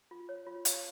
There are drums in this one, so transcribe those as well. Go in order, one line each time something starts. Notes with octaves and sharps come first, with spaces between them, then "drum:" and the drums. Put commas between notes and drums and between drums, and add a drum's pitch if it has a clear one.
F4
C#5
F4
F5, drum: hi-hat